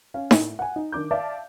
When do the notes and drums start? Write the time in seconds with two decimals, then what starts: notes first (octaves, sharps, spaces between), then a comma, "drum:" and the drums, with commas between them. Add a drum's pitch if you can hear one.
0.14 C#4 F5
0.31 A2, drum: snare D#4
0.59 F#5 G#5
0.76 D#4
0.92 D#3 D4 D6 G6
1.11 D5 E5 F5 A5